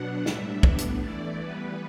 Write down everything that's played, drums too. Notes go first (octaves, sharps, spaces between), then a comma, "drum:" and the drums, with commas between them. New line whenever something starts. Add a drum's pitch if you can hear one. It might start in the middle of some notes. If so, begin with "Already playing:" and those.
Already playing: B2 F#3 B3 D4 F#5
A2 G3 D4 E5, drum: snare
A2 G3 B3 D4, drum: kick
drum: hi-hat
E3 A3 E4 D5
E3 G3 B3 B4